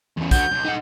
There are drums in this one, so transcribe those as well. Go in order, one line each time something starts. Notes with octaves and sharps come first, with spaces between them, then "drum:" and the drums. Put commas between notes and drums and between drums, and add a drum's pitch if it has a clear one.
E2 C#4
D3 F#4 G6, drum: kick, tambourine
B1
D#4 F#5